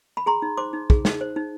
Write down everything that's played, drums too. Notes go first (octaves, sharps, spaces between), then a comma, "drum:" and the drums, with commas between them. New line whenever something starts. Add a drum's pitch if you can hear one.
B5
G#4 A#5 C6
D#4
C5 C6 D6
D#4
G#4, drum: kick
D#4, drum: snare
C5
D#4